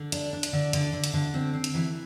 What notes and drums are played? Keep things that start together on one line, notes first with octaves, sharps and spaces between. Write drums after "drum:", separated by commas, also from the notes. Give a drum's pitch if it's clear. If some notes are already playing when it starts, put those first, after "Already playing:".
Already playing: D3
D4, drum: hi-hat
D4
drum: hi-hat
D3
D3, drum: hi-hat
D3
drum: hi-hat
D3
C4
C4
drum: hi-hat
E3